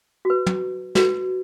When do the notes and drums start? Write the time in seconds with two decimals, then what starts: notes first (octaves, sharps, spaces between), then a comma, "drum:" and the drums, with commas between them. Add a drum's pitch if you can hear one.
0.25 F#4
0.30 B4
0.47 drum: tom
0.95 F#4 B4, drum: snare